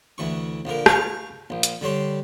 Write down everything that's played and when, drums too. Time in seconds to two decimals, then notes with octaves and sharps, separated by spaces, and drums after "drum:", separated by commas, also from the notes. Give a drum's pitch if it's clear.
0.18 D2 E3 C#6
0.65 A#1 D3 A#4
0.86 F5 A#5 C#6, drum: rim click
1.50 A#1
1.63 drum: hi-hat
1.81 D3 G3 C#5 C6